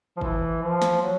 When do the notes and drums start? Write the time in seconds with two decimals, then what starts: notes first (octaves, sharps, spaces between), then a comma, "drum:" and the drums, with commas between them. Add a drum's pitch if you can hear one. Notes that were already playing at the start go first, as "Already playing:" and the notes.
0.17 F3
0.21 E3, drum: kick G1
0.62 F3
0.82 drum: snare
1.02 F#3